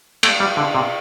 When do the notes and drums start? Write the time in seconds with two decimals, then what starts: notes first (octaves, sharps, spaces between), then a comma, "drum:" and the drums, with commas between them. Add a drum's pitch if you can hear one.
0.23 A3, drum: cymbal
0.40 G3
0.57 D3
0.75 C3